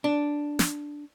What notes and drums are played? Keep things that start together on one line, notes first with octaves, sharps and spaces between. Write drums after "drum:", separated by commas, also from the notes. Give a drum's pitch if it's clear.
D4
drum: snare